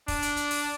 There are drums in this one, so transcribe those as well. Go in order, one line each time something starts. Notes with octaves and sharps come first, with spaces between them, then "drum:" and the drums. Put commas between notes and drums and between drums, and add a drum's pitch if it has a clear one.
D4, drum: kick, open hi-hat
drum: hi-hat
drum: hi-hat
drum: open hi-hat